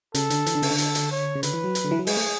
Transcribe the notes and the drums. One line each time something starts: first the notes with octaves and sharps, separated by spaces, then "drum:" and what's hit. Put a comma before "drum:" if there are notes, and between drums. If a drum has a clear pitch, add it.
C#3 A4, drum: hi-hat
D3, drum: hi-hat
E3, drum: hi-hat
D3
C#3, drum: open hi-hat
D3
A4, drum: hi-hat
drum: hi-hat
C#5
C#3
D3 B4, drum: hi-hat
E3
F#3
drum: hi-hat
D3
E3
F#3
G#3 G#4, drum: open hi-hat
A3